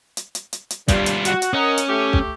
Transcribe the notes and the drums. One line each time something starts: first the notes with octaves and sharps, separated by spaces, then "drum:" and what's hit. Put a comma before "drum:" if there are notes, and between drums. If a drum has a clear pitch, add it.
drum: hi-hat
drum: hi-hat
drum: hi-hat
drum: hi-hat
G2 G3 F4, drum: kick, hi-hat
drum: hi-hat
F#4, drum: hi-hat
drum: hi-hat
C#4 A#4 D#5 F#5
drum: hi-hat
A3 G4
drum: kick